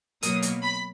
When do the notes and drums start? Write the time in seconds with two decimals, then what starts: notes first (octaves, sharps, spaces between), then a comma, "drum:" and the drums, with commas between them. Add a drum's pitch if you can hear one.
0.23 B2 F#3 A#3 D#6, drum: hi-hat
0.42 drum: hi-hat
0.62 B5